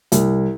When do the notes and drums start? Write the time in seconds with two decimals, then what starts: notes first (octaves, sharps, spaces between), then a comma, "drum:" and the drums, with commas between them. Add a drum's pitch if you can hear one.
0.12 C2, drum: hi-hat